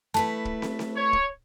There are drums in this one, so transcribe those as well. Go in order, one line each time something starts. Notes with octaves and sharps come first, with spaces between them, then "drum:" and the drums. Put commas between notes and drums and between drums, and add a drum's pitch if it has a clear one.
A3 E4 B4 A5
drum: kick
drum: snare
drum: snare
C#5
drum: kick